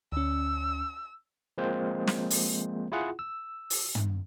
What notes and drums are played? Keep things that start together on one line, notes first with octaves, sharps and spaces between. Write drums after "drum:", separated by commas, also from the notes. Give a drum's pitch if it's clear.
D2 C#4 E6
F3 G#3 A#3 C4 C5
drum: snare
drum: open hi-hat
E4 F4 G#4 F#5
E6
drum: open hi-hat
drum: tom